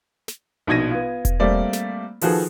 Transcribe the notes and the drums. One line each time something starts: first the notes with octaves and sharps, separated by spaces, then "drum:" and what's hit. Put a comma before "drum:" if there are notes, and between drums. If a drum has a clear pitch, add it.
drum: snare
A#1 B2 D#4 G#6 A#6 D#7
B3 F4
drum: kick E1, hi-hat
G3 A3 A#3 C4 D5
drum: snare
D#3 F3 F#4 G#4 A4 B4, drum: open hi-hat